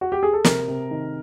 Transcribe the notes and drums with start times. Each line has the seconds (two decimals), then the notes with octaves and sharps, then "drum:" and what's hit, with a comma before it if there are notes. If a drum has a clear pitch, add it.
0.01 F#4
0.12 G4
0.23 G#4
0.33 A4
0.44 C3 A#4, drum: snare
0.68 C3
0.91 D#3